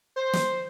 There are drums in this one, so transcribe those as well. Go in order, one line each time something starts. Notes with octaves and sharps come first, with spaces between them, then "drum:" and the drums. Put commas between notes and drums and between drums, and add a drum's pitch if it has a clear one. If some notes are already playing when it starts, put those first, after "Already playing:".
C5
drum: snare